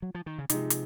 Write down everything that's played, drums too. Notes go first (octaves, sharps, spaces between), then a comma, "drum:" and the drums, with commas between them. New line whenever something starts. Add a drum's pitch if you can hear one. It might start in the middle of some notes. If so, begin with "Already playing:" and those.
F#3
F3
D#3
C#3
C3 F3 G#3 D#4, drum: hi-hat
drum: hi-hat